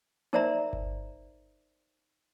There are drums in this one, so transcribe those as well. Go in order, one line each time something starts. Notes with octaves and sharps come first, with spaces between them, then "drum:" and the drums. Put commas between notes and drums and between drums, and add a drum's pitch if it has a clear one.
D#4 A#4 C5 D5 E5 A#5, drum: tom A#3
drum: kick G1